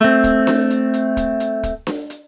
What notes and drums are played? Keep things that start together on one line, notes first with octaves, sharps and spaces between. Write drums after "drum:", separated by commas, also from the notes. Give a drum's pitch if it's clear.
A3 C4
drum: kick, hi-hat
drum: snare D4
drum: hi-hat
drum: hi-hat
drum: kick, hi-hat
drum: hi-hat
drum: kick, hi-hat
drum: snare D4
drum: hi-hat